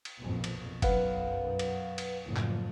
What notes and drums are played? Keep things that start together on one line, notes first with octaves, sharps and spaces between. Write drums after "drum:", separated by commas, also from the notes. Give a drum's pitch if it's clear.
drum: cymbal
A#1 F2 B2
drum: cymbal
B1 F#2 B4 F5 F#5, drum: kick F#1, cymbal
drum: cymbal
drum: cymbal
F#1 A2 F3
drum: clap